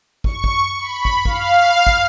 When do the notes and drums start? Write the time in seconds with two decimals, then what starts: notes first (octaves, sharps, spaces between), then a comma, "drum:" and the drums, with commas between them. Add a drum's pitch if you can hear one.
0.24 C#6, drum: kick
0.44 drum: kick
0.80 B5
1.05 drum: kick
1.25 F5, drum: kick
1.87 drum: kick